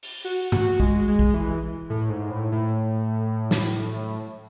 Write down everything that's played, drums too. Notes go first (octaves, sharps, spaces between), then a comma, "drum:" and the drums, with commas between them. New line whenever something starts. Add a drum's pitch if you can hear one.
drum: open hi-hat
F#4
F#4, drum: tom G2
G#3, drum: kick
G#3
drum: kick
E3
A2
G#2
A2
A2
drum: snare